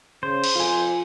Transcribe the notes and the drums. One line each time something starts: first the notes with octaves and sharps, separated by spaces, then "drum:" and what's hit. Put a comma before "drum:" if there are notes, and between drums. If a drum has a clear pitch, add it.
C#3 C5
drum: cymbal
F2 F4 G#5